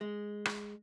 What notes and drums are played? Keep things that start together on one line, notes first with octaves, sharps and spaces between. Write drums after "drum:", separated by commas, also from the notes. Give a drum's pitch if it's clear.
G#3
drum: rim click